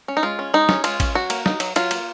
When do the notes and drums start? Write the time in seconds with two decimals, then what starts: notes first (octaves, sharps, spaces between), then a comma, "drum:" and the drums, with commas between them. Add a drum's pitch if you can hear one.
0.08 C#4
0.17 D#4
0.23 G#3 F4
0.39 C#4
0.54 G#3 D#4
0.69 C#4, drum: snare
0.84 G#3 F4, drum: cymbal
1.00 C#4, drum: kick, cymbal
1.15 F#3 F#4
1.30 A#3, drum: cymbal
1.46 D#4, drum: snare
1.60 F#3, drum: cymbal
1.76 F#3 F4, drum: cymbal
1.91 A#3, drum: cymbal